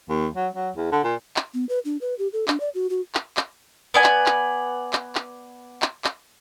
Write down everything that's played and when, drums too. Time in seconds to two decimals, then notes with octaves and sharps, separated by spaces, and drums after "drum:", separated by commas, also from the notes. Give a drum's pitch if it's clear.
0.09 D#2
0.35 F#3
0.54 F#3
0.76 E2
0.92 D3
1.04 A#2
1.36 drum: clap
1.54 B3
1.69 B4
1.85 D4
2.01 B4
2.19 G4
2.33 A4
2.48 D4, drum: clap
2.60 D5
2.75 F#4
2.90 F#4
3.15 drum: clap
3.37 drum: clap
3.94 B3 D5 G#5
4.04 drum: clap
4.26 drum: clap
4.93 drum: clap
5.15 drum: clap
5.82 drum: clap
6.04 drum: clap